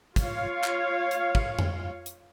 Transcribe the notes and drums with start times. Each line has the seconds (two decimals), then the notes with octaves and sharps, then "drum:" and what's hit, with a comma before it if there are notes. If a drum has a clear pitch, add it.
0.16 F4 C#5 F5, drum: kick, hi-hat
0.64 drum: clap
1.11 drum: hi-hat
1.35 drum: kick
1.59 drum: tom F2
2.06 drum: hi-hat